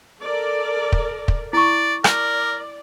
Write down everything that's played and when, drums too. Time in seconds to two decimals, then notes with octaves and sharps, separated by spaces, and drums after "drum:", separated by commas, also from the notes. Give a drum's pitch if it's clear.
0.22 A4 A#4 D5
0.92 drum: kick
1.28 drum: kick
1.53 E4 D5 C#6
2.04 A#4 D5, drum: rim click